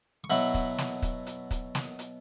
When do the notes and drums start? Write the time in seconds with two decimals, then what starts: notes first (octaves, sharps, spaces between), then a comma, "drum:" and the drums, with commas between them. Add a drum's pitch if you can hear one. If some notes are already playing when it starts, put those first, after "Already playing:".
0.24 C#6
0.30 B2 F#3 E4 F#5 B5, drum: hi-hat
0.54 drum: kick, hi-hat
0.78 drum: snare
1.02 drum: kick, hi-hat
1.27 drum: hi-hat
1.51 drum: kick, hi-hat
1.75 drum: snare
1.99 drum: hi-hat